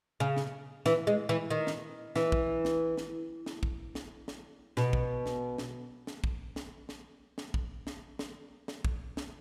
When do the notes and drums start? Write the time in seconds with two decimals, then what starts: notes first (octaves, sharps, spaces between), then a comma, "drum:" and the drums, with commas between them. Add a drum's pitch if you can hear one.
0.20 C#3
0.37 drum: snare
0.86 E3, drum: snare
1.07 G#3
1.29 E3
1.50 D#3
1.67 drum: snare
2.16 E3, drum: snare
2.32 drum: kick
2.65 drum: snare
2.97 drum: snare
3.46 drum: snare
3.63 drum: kick
3.95 drum: snare
4.28 drum: snare
4.77 B2, drum: snare
4.93 drum: kick
5.26 drum: snare
5.58 drum: snare
6.07 drum: snare
6.24 drum: kick
6.56 drum: snare
6.89 drum: snare
7.38 drum: snare
7.54 drum: kick
7.87 drum: snare
8.19 drum: snare
8.68 drum: snare
8.85 drum: kick
9.17 drum: snare